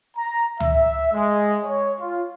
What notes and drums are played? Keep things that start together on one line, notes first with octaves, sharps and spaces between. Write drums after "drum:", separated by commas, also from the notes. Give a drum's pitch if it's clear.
A#5
E5, drum: tom C#2
G#3
C#5
F4